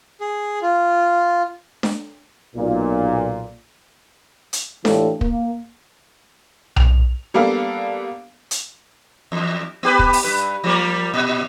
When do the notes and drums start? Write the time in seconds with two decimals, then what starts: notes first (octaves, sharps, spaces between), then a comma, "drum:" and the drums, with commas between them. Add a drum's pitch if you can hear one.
0.21 G#4
0.62 F4
1.83 drum: snare D4
2.56 B1 A#2
4.53 drum: hi-hat
4.85 A2 E3 D4 F4 G4 A4, drum: snare D4
5.21 A#3, drum: kick
6.76 F7, drum: tom B1
7.34 G3 A#3 B3 D4 A4 F5
8.51 drum: hi-hat
9.32 E2
9.83 B3 G4 B4
9.99 drum: kick
10.13 drum: open hi-hat
10.24 G2 B4
10.64 F3 G3 A#3
11.14 A#2